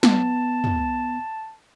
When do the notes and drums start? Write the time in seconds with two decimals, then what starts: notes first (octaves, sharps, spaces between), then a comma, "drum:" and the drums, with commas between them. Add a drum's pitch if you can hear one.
0.03 B3 A5, drum: snare
0.64 drum: tom